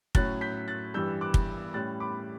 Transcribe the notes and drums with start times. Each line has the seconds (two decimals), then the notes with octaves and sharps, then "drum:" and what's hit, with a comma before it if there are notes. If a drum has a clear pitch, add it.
0.15 A2 F#3 C#4 F#6 A6, drum: kick
0.41 G6 B6
0.68 F#6 A6
0.94 G2 E3 G3 E6 G6
1.21 D6 F#6
1.34 drum: kick
1.74 A2 G3 C#4 F#6 A6
2.00 B5 D6